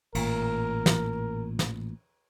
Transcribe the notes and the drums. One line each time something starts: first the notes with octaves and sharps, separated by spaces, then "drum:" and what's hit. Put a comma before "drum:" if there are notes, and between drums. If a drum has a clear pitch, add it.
A1 A#2 A#4, drum: cymbal
drum: snare
drum: snare